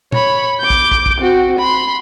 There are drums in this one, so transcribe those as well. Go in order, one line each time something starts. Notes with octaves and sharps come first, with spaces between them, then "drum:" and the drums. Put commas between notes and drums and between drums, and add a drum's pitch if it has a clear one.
C#5 B5, drum: tom
D6 G6
drum: kick
drum: kick
drum: kick
C4 F#4
B5 C6